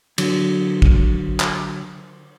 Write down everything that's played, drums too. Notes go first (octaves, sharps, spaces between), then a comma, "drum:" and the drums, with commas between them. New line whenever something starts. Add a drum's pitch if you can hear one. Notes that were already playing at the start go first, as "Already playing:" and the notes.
D3 F#3, drum: cymbal
drum: kick
drum: clap